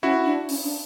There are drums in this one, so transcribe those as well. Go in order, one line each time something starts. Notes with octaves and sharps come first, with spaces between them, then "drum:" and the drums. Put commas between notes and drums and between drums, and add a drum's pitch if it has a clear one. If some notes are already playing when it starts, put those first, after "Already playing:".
C#4 E4 F#4
D4
C#4, drum: open hi-hat
D4